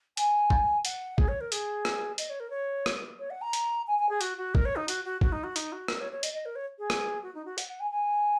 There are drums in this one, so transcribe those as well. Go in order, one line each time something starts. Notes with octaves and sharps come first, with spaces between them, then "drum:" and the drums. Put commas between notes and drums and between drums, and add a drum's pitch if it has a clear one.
G#5, drum: hi-hat
drum: kick
F#5, drum: hi-hat
G#4, drum: kick
C#5
A#4
G#4, drum: hi-hat
drum: rim click
D#5, drum: hi-hat
C#5
A#4
C#5
drum: rim click
C#5
F#5
A#5
drum: hi-hat
G#5
G#5
G#4
F#4, drum: hi-hat
F#4
A#4, drum: kick
C#5
D#4
F#4, drum: hi-hat
F#4
F#4, drum: kick
D#4
F#4
D#4, drum: hi-hat
F#4
A#4, drum: rim click
C#5
C#5
D#5, drum: hi-hat
D#5
A#4
C#5
G#4
drum: rim click
F#4
D#4
F#4
F#5, drum: hi-hat
F#5
G#5
G#5